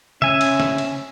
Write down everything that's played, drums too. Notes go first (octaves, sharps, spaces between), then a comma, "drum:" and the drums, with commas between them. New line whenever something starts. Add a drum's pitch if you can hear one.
C#4 E5 G#5, drum: tom C3
drum: cymbal
drum: snare
drum: cymbal